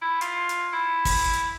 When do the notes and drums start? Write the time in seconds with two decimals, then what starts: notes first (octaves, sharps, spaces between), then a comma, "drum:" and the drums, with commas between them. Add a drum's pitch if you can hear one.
0.01 E4
0.21 F4, drum: hi-hat
0.49 drum: hi-hat
0.73 E4
1.05 drum: kick, open hi-hat
1.33 drum: hi-hat